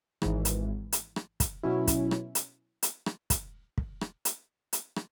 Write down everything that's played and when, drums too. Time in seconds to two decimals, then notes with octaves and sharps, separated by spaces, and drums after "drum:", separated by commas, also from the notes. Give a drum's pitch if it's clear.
0.22 G#1 G#2 E3, drum: rim click
0.45 drum: hi-hat
0.92 drum: hi-hat
1.16 drum: rim click
1.40 drum: kick, hi-hat
1.63 B2 F#3 C#4 E4
1.87 drum: kick, hi-hat
2.11 drum: rim click
2.35 drum: hi-hat
2.83 drum: hi-hat
3.06 drum: rim click
3.30 drum: kick, hi-hat
3.78 drum: kick
4.01 drum: rim click
4.25 drum: hi-hat
4.73 drum: hi-hat
4.96 drum: rim click